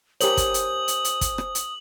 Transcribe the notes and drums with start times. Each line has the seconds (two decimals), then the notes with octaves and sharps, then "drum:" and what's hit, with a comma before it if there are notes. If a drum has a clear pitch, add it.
0.21 G4 A#4 C5 C#5 G#5 D#6 F#7, drum: hi-hat
0.37 drum: kick, hi-hat
0.54 drum: hi-hat
0.88 drum: hi-hat
1.05 drum: hi-hat
1.21 drum: kick, hi-hat
1.38 drum: rim click
1.55 drum: hi-hat